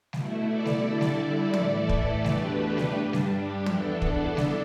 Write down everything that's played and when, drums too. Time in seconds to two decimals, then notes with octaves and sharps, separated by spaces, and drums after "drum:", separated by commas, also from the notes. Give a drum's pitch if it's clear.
0.13 B2 A3 E4, drum: snare G3
0.48 A4 D5
0.66 drum: snare G3
0.83 D3 G3 E4
1.01 drum: snare G3
1.54 A2 E3 A3 E4, drum: tom
1.89 drum: kick
2.24 E2 B2 A3 D4 G4 B4, drum: snare G3
2.78 drum: snare G3
2.96 G2 G3 D4
3.13 drum: snare G3
3.31 G4
3.66 E2 E3 B3 D4 A4, drum: tom
4.02 A4 D5, drum: kick
4.37 drum: snare G3